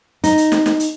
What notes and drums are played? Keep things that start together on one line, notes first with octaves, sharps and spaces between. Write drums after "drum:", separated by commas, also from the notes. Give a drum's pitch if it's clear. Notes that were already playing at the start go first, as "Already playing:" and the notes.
D#4, drum: hi-hat
drum: hi-hat
drum: snare
drum: snare
drum: hi-hat